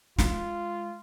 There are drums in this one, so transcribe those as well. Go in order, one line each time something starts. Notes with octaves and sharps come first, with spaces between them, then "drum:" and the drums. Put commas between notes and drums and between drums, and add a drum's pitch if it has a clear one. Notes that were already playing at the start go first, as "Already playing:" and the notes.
G#3 F4, drum: snare